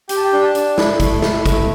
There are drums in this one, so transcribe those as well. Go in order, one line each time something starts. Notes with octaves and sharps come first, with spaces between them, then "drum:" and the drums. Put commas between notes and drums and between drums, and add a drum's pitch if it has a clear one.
G4 G5, drum: hi-hat
A5
G5
D4
A5
D4, drum: hi-hat
E4, drum: snare
A3, drum: kick, hi-hat
E4, drum: snare
A3, drum: kick, hi-hat